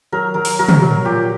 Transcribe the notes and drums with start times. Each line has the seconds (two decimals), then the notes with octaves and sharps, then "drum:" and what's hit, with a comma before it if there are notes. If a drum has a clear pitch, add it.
0.12 F#3 A#4
0.34 F#3 A#4
0.45 drum: open hi-hat
0.59 F#3 A#4
0.69 drum: tom
0.82 F#3
1.05 A#2 G4